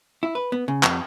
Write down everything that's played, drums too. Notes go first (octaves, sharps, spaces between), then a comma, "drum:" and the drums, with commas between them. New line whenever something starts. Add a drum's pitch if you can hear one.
E4
B4
B3
C#3
F2, drum: clap